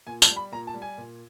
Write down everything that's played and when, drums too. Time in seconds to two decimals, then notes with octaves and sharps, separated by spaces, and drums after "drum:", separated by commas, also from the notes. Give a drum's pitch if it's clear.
0.07 A#2 G#5
0.22 A5, drum: tambourine
0.30 G3
0.36 B5
0.52 A#2 A#5
0.67 A5
0.74 G3
0.82 G#5
0.98 A#2